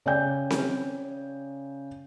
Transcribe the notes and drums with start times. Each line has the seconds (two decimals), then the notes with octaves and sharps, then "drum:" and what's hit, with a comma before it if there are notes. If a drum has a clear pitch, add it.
0.06 C#3 D5 G5 G#5 G6
0.50 drum: snare C4